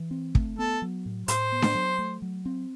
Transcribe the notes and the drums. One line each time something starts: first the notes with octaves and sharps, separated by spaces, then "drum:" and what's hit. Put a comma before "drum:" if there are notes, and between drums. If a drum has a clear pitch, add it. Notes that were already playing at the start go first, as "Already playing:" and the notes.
Already playing: E3
C4
A3, drum: kick
B3 A4
F#3
A2
A2 C5, drum: hi-hat
B3
drum: snare D4
F#3
A3
F#3
C4